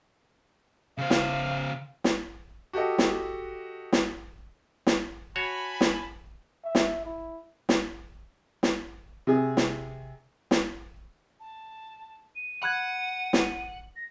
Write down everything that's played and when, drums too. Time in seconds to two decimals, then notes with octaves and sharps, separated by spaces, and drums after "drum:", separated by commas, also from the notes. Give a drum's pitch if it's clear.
0.98 C#3 C5 F5
1.10 drum: snare
2.04 drum: snare
2.73 F#4 G4 A4 D#5
2.98 drum: snare
3.93 drum: snare
4.87 drum: snare
5.36 F#4 C#5 G#5 A5 B5
5.81 drum: snare
6.65 E5
6.75 drum: snare
7.05 E4
7.69 drum: snare
8.63 drum: snare
9.27 C3 G#4
9.57 drum: snare
10.51 drum: snare
11.40 A5
12.36 D#7
12.63 F#5 B5 F#6 G#6
13.33 drum: snare
13.96 A#6